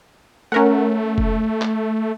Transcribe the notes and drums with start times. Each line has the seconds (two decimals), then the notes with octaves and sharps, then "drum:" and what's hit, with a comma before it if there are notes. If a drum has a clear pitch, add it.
0.52 A3 C#4 A#4 F#5
1.18 drum: kick F1
1.62 drum: clap